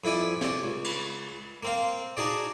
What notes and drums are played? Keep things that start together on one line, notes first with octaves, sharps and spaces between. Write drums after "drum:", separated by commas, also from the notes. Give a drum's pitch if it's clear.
F2 E4 B4 D5 G#5
C#5 D5, drum: snare
C#2
drum: cymbal
A#3 C4 F5
D4 D#4 F#4 G#4 D5